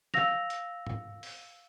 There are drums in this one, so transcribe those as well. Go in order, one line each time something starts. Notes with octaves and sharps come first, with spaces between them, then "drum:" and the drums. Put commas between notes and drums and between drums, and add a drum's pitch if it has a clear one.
F5 E6 A#6 F7, drum: snare
drum: hi-hat
drum: tom G#2
drum: open hi-hat